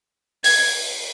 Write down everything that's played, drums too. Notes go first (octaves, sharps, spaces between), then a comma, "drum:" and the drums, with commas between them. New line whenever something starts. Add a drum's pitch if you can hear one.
G#6, drum: open hi-hat